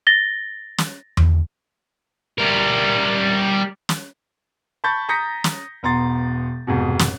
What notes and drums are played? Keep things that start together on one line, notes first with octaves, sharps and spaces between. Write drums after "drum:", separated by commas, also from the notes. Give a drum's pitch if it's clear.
A6 A#6 G7
drum: snare
drum: tom E2
G3 A#4
drum: snare
A5 B5 C#6 G6 A6
A#5 D#6 G6 A#6 B6 C#7
drum: snare
E1 B3 A#5 C6 A6
F1 G#2 B2
drum: snare